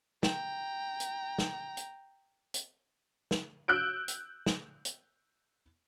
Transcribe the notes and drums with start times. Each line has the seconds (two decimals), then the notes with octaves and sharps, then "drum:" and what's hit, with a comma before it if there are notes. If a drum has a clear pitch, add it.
0.23 G5 A#5, drum: snare
1.00 drum: hi-hat
1.38 drum: snare
1.77 drum: hi-hat
2.54 drum: hi-hat
3.31 drum: snare
3.68 E6 F#6 G6 D7
4.08 drum: hi-hat
4.46 drum: snare
4.85 drum: hi-hat